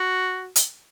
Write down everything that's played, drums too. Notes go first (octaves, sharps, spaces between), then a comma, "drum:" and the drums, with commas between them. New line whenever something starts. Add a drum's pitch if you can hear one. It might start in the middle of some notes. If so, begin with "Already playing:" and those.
Already playing: F#4
drum: hi-hat